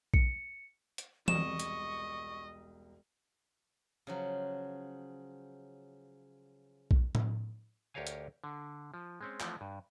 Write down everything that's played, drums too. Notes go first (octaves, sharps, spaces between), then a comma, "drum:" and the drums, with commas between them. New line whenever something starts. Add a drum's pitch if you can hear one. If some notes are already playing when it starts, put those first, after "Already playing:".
C#7, drum: kick B1
drum: hi-hat
E1 C2 D#5 C#6 E7, drum: tom E3
drum: hi-hat
C#3 F3 F#3
drum: kick B1
drum: tom A2
D2 G4 A#4 C#5 F5 G#5
drum: hi-hat
D3
F3
G#3 C4 C#4
E3 F3 A3 C4, drum: clap
G2